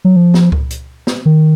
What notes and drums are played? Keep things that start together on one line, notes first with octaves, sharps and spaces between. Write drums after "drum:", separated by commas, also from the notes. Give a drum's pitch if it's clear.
F#3
F3
drum: snare
drum: kick C#2
drum: hi-hat
drum: snare
D#3